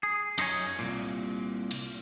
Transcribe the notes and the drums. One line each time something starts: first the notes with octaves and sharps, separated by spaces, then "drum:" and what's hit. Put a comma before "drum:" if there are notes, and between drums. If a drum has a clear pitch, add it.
G#4
F#2 D#4 A4 C5 C#5 G#5, drum: cymbal
C2 A#2
drum: cymbal